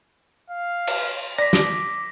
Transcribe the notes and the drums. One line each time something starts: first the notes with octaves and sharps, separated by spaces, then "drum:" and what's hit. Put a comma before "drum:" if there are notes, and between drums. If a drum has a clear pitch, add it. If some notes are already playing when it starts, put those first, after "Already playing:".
F5
drum: cymbal
D5 D6 A#6 B6
drum: snare